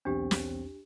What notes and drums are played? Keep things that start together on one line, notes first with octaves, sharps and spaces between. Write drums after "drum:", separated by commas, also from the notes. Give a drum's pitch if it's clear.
B1 E2 C4 D4 G4
drum: snare